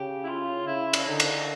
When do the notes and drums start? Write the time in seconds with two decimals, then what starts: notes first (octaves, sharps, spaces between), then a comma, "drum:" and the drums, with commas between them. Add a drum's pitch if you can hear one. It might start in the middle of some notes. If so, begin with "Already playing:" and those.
Already playing: C#3 G4
0.24 E4
0.27 F4
0.67 C#3 E4
0.93 drum: cymbal
1.07 D3 D#4
1.20 drum: cymbal